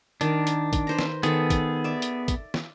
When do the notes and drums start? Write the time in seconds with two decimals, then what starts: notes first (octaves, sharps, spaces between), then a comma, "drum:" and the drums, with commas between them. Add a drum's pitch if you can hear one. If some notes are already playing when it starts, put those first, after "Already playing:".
0.21 D#3 D4 A#4, drum: hi-hat
0.47 drum: hi-hat
0.73 drum: kick, hi-hat
0.87 B4 C5 A#5
0.99 drum: snare
1.23 D#3 B3 G#4 A4, drum: hi-hat
1.50 drum: kick, hi-hat
1.84 D5 E5
2.02 drum: hi-hat
2.28 drum: kick, hi-hat
2.54 drum: snare